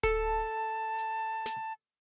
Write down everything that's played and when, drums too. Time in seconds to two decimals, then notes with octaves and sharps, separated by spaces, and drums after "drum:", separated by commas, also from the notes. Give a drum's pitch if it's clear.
0.03 A4 A5, drum: kick D1, hi-hat
0.98 drum: hi-hat
1.46 drum: snare